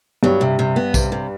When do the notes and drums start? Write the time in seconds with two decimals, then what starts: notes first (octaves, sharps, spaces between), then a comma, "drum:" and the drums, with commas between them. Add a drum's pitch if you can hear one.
0.23 G2 F#3 G3
0.41 C3
0.59 C3
0.76 B3
0.94 C3, drum: kick B1, tambourine
1.12 C3